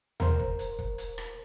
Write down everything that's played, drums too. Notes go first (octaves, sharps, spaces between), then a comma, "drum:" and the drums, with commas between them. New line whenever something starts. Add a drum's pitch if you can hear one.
A#4 C5, drum: tom D#2
drum: kick
drum: hi-hat
drum: kick
drum: hi-hat
drum: rim click